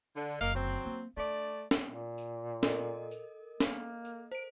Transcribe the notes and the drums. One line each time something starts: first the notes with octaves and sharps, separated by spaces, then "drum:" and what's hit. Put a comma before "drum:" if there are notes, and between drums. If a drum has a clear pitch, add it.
D3
drum: tambourine
F#1 D3 A#3 D#5 F5
F#3 C4
A#3
A3 D4 D5
drum: snare
A#2
drum: tambourine
A4 A#4 D#5, drum: snare
drum: tambourine
A#3, drum: snare
drum: tambourine
C5 D7